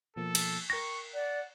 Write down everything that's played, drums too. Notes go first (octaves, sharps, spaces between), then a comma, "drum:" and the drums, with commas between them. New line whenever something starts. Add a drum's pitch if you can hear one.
B2 F3 A#3 A4
drum: cymbal
A#4 G5 C#6 F#6 A#6
D5 F#5